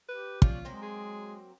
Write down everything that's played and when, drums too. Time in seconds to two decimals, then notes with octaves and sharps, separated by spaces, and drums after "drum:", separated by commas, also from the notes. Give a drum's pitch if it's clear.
0.09 G4 B4
0.42 F3 C#4 D4 F4, drum: kick
0.65 F#3 G#3 A#3 C4
0.82 G#4